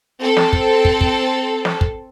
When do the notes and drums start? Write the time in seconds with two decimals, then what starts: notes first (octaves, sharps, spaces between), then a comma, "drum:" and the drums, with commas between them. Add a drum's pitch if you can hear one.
0.21 C4 A4
0.37 drum: snare
0.53 drum: kick
0.85 drum: kick
1.01 drum: kick
1.65 drum: snare
1.81 drum: kick